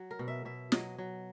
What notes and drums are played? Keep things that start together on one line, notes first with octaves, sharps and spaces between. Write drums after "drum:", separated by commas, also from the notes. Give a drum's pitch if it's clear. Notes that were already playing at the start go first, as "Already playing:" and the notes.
Already playing: F#3
A#4
B2
E5
B2 E5
F#3 D#5, drum: snare
F#3